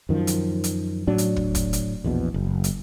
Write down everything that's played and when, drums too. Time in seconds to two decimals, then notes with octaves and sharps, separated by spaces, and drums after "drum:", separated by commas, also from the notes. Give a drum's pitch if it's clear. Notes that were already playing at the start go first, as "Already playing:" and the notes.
0.09 F#2 D#3 F3
0.27 drum: hi-hat
0.64 drum: hi-hat
1.07 A2 F#3 D4
1.18 drum: hi-hat
1.36 drum: kick
1.55 drum: kick, hi-hat
1.73 drum: hi-hat
2.04 A#1 E2 B2
2.34 F#1
2.64 drum: hi-hat